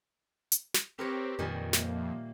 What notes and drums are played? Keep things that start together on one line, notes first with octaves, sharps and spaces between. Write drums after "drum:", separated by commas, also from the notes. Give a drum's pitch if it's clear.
drum: hi-hat
drum: snare
C4 G4 A#4 B4 C#5
F2 A#2 D#3 G3
A#3 E5, drum: snare